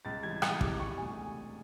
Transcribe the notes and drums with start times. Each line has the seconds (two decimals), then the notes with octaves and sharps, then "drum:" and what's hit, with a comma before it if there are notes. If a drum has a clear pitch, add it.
0.05 C#2 A6
0.23 C3 E3 G3 G#6
0.42 C#2 D#6, drum: rim click
0.61 C3 E3 G3 D6, drum: kick
0.79 E1 C#6
0.98 D2 C3 G#5